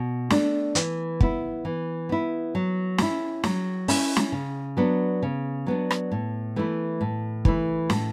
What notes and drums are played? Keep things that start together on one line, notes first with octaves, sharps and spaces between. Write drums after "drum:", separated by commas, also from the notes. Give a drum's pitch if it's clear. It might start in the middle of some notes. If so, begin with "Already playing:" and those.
Already playing: B2
A3 D4, drum: snare
E3, drum: hi-hat
B3 E4, drum: kick
E3
B3 E4
F#3
C#4 E4, drum: snare
F#3, drum: snare
C#4 E4, drum: open hi-hat
drum: snare
C#3
F#3 B3 D4
C#3
F#3 B3 D4
drum: rim click
A2
E3 A3 E4
A2
E3 A3 E4, drum: kick
A2, drum: snare